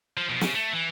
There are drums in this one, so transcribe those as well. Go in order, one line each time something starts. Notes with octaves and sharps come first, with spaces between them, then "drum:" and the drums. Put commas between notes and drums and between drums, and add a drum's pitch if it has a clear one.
F3
B2 F3
C#3, drum: snare
A3
E3